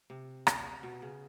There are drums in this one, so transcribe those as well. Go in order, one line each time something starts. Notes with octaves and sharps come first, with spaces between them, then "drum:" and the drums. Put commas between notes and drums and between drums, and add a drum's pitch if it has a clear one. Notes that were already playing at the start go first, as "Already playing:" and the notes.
C3
drum: rim click
B2
C#3